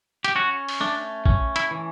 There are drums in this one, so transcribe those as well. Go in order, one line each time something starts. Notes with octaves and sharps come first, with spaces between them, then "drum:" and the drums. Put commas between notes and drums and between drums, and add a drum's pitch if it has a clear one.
G4, drum: hi-hat
C#4 F#4
drum: open hi-hat
A3 D4
C#4, drum: kick
E4, drum: hi-hat
E3